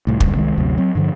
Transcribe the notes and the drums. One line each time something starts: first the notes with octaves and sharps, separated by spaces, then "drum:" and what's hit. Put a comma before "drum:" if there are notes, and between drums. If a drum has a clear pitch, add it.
C2 A2
D#1 C#2 G2, drum: kick
C2 D#3 G#3
G1 D2 C3 F#3
F#3 C4
G2 D3 F3